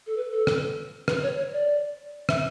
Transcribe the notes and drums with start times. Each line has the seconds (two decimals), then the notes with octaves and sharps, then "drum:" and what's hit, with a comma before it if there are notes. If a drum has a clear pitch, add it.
0.07 A4
0.17 B4
0.33 A4
0.47 drum: rim click
1.08 B4, drum: rim click
1.23 C#5
1.38 C#5
1.53 D5
2.29 E5, drum: rim click